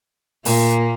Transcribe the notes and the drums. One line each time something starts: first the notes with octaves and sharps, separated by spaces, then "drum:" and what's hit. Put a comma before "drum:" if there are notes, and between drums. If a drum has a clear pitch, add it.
A#2 A#3, drum: open hi-hat